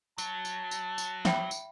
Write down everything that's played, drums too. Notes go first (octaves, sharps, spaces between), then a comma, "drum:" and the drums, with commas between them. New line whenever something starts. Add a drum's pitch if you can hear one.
F#3 A5, drum: tambourine
drum: tambourine
drum: tambourine
drum: tambourine
E5 G5 B5, drum: snare
drum: tambourine